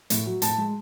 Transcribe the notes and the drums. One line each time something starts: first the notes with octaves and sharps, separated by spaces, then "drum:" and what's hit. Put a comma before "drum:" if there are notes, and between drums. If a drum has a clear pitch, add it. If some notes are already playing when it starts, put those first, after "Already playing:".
A2, drum: hi-hat
F#3
A2 A5, drum: hi-hat
G#3